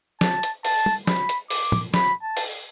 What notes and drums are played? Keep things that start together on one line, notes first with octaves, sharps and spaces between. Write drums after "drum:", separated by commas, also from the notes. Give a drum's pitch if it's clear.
A5, drum: snare
drum: hi-hat
A5, drum: open hi-hat
drum: tom
B5, drum: snare
drum: hi-hat
D6, drum: open hi-hat
drum: tom
B5, drum: snare
A5
drum: open hi-hat